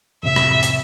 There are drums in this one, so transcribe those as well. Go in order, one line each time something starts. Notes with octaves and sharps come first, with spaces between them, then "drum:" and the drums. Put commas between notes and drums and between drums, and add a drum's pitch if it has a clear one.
F2 A2 C3 E5
drum: rim click
drum: hi-hat